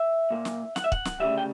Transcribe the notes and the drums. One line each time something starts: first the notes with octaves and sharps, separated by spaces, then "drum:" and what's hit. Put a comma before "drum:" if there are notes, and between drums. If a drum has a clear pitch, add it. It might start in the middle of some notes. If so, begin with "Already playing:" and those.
Already playing: E5
A#2 A#3
drum: snare
F#5, drum: snare
E5
F#5, drum: kick
drum: snare
D2 C#3 E3 G3 E5
G5